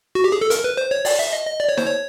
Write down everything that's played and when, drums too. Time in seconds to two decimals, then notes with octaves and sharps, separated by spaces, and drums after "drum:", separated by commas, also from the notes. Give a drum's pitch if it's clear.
0.15 F#4
0.24 G4
0.32 G#4
0.41 A4
0.50 A#4, drum: hi-hat
0.64 B4
0.77 C5
0.91 C#5
1.05 D5, drum: open hi-hat
1.19 E5
1.32 D#5
1.46 D#5
1.60 D5
1.69 C#5
1.77 C5, drum: snare
1.86 C#5